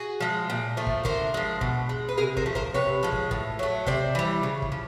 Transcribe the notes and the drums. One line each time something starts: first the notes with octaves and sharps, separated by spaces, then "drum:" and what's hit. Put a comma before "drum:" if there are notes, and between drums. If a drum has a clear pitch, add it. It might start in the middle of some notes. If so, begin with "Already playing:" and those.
Already playing: F#4 G#4
F3 G#3
A#2
F3 A3
drum: kick
D3 A#4 C5, drum: kick
F3 G#3
B2, drum: kick
G#3
B4
C3 G#4 A#4
A#4 C5, drum: kick
F3 A3
A#4 C5, drum: kick
C3 B4 C#5
F3 G#3
drum: kick
A2, drum: kick
F#3 A3
C3 C5 D5, drum: kick
E3 G3
C#3
drum: kick
F3